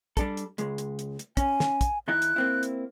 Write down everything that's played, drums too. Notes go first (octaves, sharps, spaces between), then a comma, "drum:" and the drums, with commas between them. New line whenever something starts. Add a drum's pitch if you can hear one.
G3 D4 A4, drum: kick, hi-hat
drum: hi-hat
C#2 G#3, drum: hi-hat
drum: hi-hat
drum: hi-hat
drum: hi-hat
C#4 G#5, drum: kick, hi-hat
drum: snare
drum: kick, hi-hat
D#3 D#4 E4 F#6
drum: hi-hat
A#3 C4 E4
drum: hi-hat